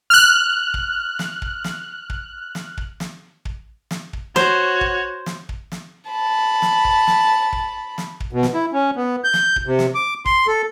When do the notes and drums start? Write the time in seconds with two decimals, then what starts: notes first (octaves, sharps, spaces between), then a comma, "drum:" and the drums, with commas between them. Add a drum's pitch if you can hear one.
0.10 F6 F#6
0.74 drum: kick
1.19 drum: snare
1.42 drum: kick
1.64 drum: snare
2.10 drum: kick
2.55 drum: snare
2.78 drum: kick
3.00 drum: snare
3.45 drum: kick
3.91 drum: snare
4.13 drum: kick
4.36 F#4 C5 C#5, drum: snare
4.81 drum: kick
5.26 drum: snare
5.49 drum: kick
5.72 drum: snare
6.10 A5 B5
6.62 drum: snare
6.85 drum: kick
7.07 drum: snare
7.53 drum: kick
7.98 drum: snare
8.20 drum: kick
8.33 B2
8.43 drum: snare
8.54 E4
8.73 C#4
8.96 B3
9.24 G6
9.34 drum: snare
9.56 drum: kick
9.66 C3
9.79 drum: snare
9.95 D6
10.26 C6, drum: kick
10.47 A4